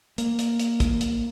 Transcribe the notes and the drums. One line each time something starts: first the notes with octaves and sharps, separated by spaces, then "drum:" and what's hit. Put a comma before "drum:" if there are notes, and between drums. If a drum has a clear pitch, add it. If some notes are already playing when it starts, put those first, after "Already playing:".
A#3, drum: hi-hat
drum: hi-hat
drum: hi-hat
drum: kick, hi-hat
drum: hi-hat